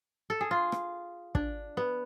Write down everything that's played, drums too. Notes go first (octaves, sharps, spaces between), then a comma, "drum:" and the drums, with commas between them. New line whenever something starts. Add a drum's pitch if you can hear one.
A4
G#4
F4
drum: rim click
D4, drum: kick
B3